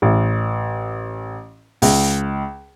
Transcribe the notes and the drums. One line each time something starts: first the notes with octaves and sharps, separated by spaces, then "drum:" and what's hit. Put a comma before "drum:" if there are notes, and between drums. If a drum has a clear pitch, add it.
A1
C#2, drum: open hi-hat